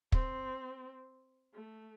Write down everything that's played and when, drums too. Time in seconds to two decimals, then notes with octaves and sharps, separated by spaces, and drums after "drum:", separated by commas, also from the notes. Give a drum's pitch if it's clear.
0.12 C4, drum: kick
1.55 A3